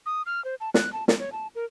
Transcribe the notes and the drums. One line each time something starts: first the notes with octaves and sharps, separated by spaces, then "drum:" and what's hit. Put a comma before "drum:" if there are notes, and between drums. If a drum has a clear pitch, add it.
D#6
F6
C5
A5
F#6, drum: snare
A5
A#4, drum: snare
C#5
A5
A#4